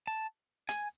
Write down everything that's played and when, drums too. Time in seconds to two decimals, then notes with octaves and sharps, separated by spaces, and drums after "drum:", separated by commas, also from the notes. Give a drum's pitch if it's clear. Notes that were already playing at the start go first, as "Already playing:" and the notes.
0.07 A5
0.69 G#5, drum: hi-hat